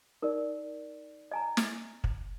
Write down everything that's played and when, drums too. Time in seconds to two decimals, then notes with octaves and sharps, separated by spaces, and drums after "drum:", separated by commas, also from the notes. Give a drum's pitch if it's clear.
0.22 D#4 A#4 D5
1.31 D#5 G#5 A#5
1.57 drum: snare
2.04 drum: kick